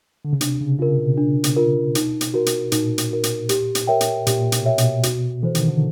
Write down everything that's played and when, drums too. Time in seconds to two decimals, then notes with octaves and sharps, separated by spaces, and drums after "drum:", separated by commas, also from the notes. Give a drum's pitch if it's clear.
0.25 D3
0.33 C#3
0.41 C3 D4, drum: hi-hat
0.61 C#3
0.79 C#3 F4 A#4
0.98 B2
1.18 D4
1.44 drum: hi-hat
1.56 F4 A#4
1.95 D#4, drum: hi-hat
2.21 drum: hi-hat
2.34 F#4 A#4
2.46 drum: hi-hat
2.72 A#2 D#4, drum: hi-hat
2.98 drum: hi-hat
3.11 F#4 A#4
3.23 drum: hi-hat
3.49 G4, drum: hi-hat
3.75 drum: hi-hat
3.87 A#4 C#5 E5 G5
4.01 drum: hi-hat
4.27 A#2 G4, drum: hi-hat
4.52 B2, drum: hi-hat
4.65 A#4 C#5 E5 G5
4.78 B2, drum: hi-hat
5.03 F#4, drum: hi-hat
5.42 E3 A4 C5
5.55 D#3, drum: hi-hat
5.68 D3